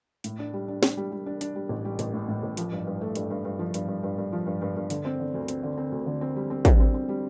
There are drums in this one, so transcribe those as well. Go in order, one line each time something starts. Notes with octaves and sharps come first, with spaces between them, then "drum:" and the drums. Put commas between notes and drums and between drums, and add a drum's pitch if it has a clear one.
A2, drum: hi-hat
D4
G3
D4
D4, drum: snare
G3
G3
D4
D4, drum: hi-hat
G3
A1
G3
A1, drum: hi-hat
A2
A2
A1
F3, drum: hi-hat
G2
G2
A3
G2, drum: hi-hat
G2
G2
F3
G2, drum: hi-hat
G2
G2
G2
F3
G2
G2
G2
D3, drum: hi-hat
C4
D3
D2
C4, drum: hi-hat
D3
C4
D2
D3
C4
G3
C4
G3, drum: kick, hi-hat
C4
C4
G3